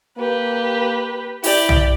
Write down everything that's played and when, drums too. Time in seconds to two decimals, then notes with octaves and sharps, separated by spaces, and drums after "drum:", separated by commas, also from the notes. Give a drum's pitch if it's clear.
0.18 A#3 G4 B4
1.44 E4 G4 D5, drum: open hi-hat
1.69 drum: tom